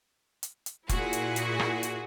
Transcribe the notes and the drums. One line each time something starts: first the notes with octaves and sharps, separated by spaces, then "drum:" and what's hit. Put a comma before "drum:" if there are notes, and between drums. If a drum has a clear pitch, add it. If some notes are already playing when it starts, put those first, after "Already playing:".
drum: hi-hat
drum: hi-hat
A#2 E4 F#4 G#4, drum: kick F1, hi-hat
drum: hi-hat
drum: hi-hat
drum: rim click
drum: hi-hat